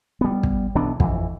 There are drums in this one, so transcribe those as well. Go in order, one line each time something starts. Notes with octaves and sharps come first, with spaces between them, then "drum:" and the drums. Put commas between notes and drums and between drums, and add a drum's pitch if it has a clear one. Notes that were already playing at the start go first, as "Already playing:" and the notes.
G3 B3
drum: kick
B1 E3 B3 D4
F2 E3, drum: kick